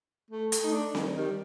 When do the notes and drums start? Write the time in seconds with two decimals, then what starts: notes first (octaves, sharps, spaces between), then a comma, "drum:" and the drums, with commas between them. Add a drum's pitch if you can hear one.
0.30 A3
0.52 A3, drum: hi-hat
0.64 D#4
0.72 A3 D4
0.95 D#3, drum: snare C4
1.15 D#3 G3